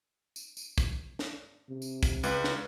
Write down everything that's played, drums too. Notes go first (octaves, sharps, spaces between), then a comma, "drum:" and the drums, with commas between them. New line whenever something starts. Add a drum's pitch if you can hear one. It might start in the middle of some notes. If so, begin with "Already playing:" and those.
drum: tambourine
drum: tambourine
drum: kick, tambourine
drum: snare
C3
drum: tambourine
drum: kick, tambourine
C#2 B4, drum: tambourine
drum: snare